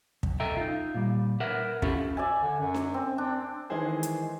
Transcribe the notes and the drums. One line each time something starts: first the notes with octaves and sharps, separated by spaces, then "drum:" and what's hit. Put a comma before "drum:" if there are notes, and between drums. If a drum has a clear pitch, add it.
B1, drum: kick
A4 D#5 E5 G5 A#5
D#4 F4
A#2 G3
A#4 B4 E5 F#5
C#4 E4 F4 G4 A4, drum: kick
D5 E5 G#5
D3
F#2
drum: snare D4
C4
C4 D4
D#3 E3 G#3 E4 G#4 C5
drum: hi-hat